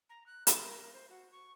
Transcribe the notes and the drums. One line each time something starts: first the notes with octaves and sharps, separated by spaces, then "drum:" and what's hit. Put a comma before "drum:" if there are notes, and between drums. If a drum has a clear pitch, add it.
A#5
F#6
A4, drum: hi-hat
A#4
A#4
C5
F#4
C#6